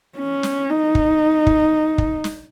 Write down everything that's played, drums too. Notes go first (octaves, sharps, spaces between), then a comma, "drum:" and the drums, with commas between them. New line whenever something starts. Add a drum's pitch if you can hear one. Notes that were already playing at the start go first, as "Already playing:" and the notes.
C#4
drum: snare
D#4
drum: kick
drum: kick
drum: kick
drum: snare